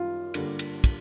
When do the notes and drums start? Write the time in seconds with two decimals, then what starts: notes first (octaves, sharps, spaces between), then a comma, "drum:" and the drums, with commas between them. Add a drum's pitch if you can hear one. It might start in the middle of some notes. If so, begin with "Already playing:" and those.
Already playing: F#2 D#3 G3 F4
0.34 G2 D3 G3 A#3 D4, drum: cymbal
0.59 drum: cymbal
0.84 drum: kick, cymbal